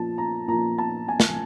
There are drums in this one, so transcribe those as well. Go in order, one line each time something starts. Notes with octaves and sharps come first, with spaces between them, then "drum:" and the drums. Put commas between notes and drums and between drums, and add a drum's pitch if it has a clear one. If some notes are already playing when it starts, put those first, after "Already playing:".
Already playing: A#2 F3 A5
A#5
A#2 F3 A#5
A5
G#5
drum: snare